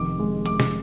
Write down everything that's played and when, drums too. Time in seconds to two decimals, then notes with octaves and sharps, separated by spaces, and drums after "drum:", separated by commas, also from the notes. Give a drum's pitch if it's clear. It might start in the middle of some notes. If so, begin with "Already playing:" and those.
Already playing: F1 D#3 D6
0.19 G#3
0.46 G#3 D6, drum: hi-hat
0.60 drum: snare